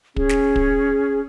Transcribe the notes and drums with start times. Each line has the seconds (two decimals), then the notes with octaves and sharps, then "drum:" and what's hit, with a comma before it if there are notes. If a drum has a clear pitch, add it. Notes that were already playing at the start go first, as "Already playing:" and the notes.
0.16 C#4 G#4, drum: kick
0.29 drum: snare
0.56 drum: kick